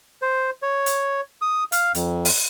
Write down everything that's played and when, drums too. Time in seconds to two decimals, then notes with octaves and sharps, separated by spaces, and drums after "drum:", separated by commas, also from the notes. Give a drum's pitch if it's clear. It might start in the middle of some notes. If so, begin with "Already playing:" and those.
0.22 C5
0.63 C#5
0.86 drum: hi-hat
1.42 D#6
1.72 F5, drum: hi-hat
1.95 F2, drum: hi-hat
2.25 drum: open hi-hat